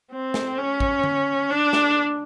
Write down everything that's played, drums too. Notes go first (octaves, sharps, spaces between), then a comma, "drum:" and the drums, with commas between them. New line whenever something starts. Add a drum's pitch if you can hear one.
C4
drum: snare
C#4
drum: kick
drum: tom D3
D4
drum: snare